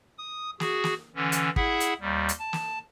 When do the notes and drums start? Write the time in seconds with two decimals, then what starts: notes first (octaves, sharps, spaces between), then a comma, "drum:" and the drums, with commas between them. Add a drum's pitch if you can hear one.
0.18 D#6
0.60 F#4 G#4, drum: snare
0.84 drum: snare
1.16 D3 E3 C#4
1.32 drum: hi-hat
1.56 E4 G#4 E5 F#5, drum: kick
1.80 drum: hi-hat
2.00 D#2 G3
2.29 drum: hi-hat
2.39 A5
2.53 drum: snare